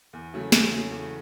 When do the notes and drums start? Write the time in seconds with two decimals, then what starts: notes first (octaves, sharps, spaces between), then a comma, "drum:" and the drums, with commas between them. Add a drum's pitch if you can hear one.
0.13 E2
0.34 C#3 F#3 A3
0.52 E2, drum: snare
0.72 C#3 F#3 A3
0.91 E2